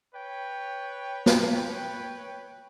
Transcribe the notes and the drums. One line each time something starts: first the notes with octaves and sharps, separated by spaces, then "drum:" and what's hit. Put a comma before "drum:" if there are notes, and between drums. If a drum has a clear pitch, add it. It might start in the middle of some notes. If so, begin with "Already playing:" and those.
B4 C#5 G5
drum: snare